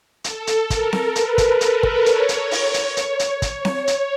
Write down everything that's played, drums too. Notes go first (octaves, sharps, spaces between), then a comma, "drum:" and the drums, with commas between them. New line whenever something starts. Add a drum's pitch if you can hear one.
A4, drum: hi-hat
drum: hi-hat
A#4, drum: kick, hi-hat
drum: snare C4
B4, drum: hi-hat
drum: kick, hi-hat
B4, drum: hi-hat
drum: kick
C#5, drum: hi-hat
drum: hi-hat
drum: open hi-hat
drum: hi-hat
drum: hi-hat
drum: hi-hat
drum: kick, hi-hat
drum: snare C4
drum: hi-hat